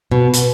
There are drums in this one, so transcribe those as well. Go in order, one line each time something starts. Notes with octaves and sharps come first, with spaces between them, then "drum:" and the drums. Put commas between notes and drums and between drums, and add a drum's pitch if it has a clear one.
B2
drum: hi-hat